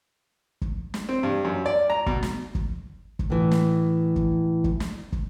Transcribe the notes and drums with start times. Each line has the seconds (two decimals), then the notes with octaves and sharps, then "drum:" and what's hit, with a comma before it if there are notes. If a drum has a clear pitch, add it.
0.62 drum: kick
0.94 drum: snare
1.09 C4
1.23 G2
1.45 F#2
1.66 D5
1.90 A#5
2.06 B2, drum: kick
2.23 drum: snare
2.55 drum: kick
3.19 drum: kick
3.30 A2 E3
3.51 drum: snare
4.16 drum: kick
4.64 drum: kick
4.80 drum: snare
5.12 drum: kick